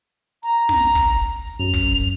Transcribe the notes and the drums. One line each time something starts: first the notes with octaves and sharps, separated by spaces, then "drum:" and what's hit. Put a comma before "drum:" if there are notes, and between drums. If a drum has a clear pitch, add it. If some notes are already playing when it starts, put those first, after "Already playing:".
A#5, drum: hi-hat
drum: snare
drum: kick, hi-hat
drum: hi-hat
drum: hi-hat
F#2 F7
drum: kick, hi-hat
drum: hi-hat